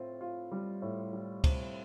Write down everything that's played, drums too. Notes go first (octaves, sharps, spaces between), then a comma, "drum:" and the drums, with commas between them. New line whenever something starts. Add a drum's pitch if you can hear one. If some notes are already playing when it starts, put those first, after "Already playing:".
Already playing: A2 C4 F4
F4
G3
A2
G3
C4, drum: kick C#2, cymbal